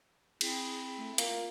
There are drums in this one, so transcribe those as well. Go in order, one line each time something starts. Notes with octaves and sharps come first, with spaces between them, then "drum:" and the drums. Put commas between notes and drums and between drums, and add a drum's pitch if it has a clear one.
C4 E4 G#4, drum: cymbal
A3
A#3 F4, drum: hi-hat